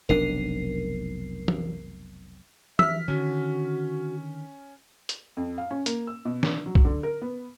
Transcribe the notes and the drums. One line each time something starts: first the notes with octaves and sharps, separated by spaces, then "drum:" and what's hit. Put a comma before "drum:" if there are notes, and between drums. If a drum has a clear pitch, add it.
F1 B1 D4 A#4 C7
drum: tom E3
E5 E6 F6 B6, drum: tom E3
D3 D#3 C#4 F#4
drum: hi-hat
F2
F5
C#4
A#3, drum: hi-hat
E6
B2
D4, drum: snare
F#3
drum: kick
D3
A#4
B3